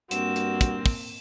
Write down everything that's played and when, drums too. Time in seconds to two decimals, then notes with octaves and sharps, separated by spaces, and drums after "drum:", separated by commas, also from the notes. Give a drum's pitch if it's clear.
0.11 G2 A#3 C4 F#4 E7, drum: hi-hat
0.36 drum: hi-hat
0.61 drum: kick, hi-hat
0.86 drum: kick, open hi-hat